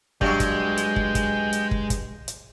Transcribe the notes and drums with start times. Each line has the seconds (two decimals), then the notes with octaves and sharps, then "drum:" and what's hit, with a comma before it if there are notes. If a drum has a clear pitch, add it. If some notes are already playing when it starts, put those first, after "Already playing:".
0.21 G2 F#3 G#3 G5, drum: kick
0.40 drum: kick, hi-hat
0.77 drum: hi-hat
0.96 drum: kick
1.15 drum: kick, hi-hat
1.53 drum: hi-hat
1.71 drum: kick
1.90 drum: kick, hi-hat
2.28 drum: hi-hat